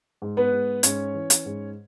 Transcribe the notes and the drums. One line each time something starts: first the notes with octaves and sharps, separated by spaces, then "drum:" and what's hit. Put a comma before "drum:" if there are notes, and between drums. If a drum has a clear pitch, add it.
G#2
B3 B4
G#2
G#2 C#4 C#5, drum: hi-hat
E3
drum: hi-hat
G#2